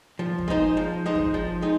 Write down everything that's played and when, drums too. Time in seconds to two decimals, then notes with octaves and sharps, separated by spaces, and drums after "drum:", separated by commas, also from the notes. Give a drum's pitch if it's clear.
0.19 F3
0.38 drum: kick
0.48 G#3 D#4 C5
0.77 F3
1.06 G#3 D#4 C5
1.15 drum: kick
1.34 F3
1.62 G#3 D#4